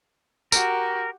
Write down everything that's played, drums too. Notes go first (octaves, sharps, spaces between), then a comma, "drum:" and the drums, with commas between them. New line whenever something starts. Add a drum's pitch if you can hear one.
F#4 G4 A#4, drum: tambourine